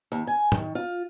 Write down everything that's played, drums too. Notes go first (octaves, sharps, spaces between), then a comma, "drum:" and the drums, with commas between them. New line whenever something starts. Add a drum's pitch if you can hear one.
D#2
G#5
D#3, drum: tom
F4